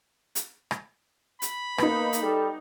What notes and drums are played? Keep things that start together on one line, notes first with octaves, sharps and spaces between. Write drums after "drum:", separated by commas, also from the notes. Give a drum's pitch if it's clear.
drum: hi-hat
drum: rim click
B5, drum: hi-hat
A#3 B3 D#4 B4, drum: rim click
drum: hi-hat
G3 A4